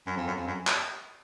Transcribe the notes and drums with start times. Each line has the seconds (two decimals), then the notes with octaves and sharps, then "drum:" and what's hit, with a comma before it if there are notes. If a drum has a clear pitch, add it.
0.07 F#2
0.17 F2
0.27 F#2
0.37 F2
0.47 F#2
0.67 drum: clap